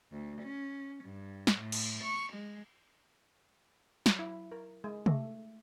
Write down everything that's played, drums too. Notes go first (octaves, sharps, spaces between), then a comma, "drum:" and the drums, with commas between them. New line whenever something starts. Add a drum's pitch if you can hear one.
D2
C#4
G2
drum: snare
A2
drum: cymbal
C#6
G#3
F#3, drum: snare
E4
A#4
G#3
A3, drum: tom C3